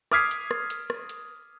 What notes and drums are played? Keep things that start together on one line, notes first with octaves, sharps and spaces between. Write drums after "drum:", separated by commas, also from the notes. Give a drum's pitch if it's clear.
D6 D#6 F6 G#6 B6 C7, drum: rim click
drum: hi-hat
drum: rim click
drum: hi-hat
drum: rim click
drum: hi-hat